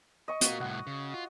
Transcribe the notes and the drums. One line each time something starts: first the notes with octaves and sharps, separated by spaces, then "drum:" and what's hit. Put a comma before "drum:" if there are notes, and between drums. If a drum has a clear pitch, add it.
D#5 C#6
A#3 F4 F#4, drum: hi-hat
C2 A2 F#5
C#3
F4